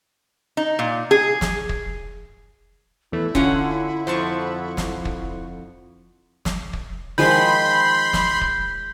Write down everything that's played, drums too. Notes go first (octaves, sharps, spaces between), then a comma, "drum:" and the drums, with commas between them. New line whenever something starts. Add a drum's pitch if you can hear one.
D#4
A#2
G#4
drum: snare
drum: kick
E2 E3 A3 E4
D3 C#4 F4 C#5 F#5, drum: kick
F2 F3 C5 F#5 A5 C#6
drum: snare
drum: kick
drum: snare
drum: kick
D#3 F3 G#3 B5 C6 G6
drum: snare
drum: kick